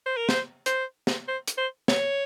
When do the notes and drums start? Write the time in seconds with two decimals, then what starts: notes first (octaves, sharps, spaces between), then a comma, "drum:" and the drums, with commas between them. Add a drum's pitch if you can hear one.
0.06 C5
0.17 A#4
0.29 C5, drum: snare
0.66 C5, drum: hi-hat
1.07 drum: snare
1.28 C5
1.48 drum: hi-hat
1.57 C5
1.88 C#5, drum: snare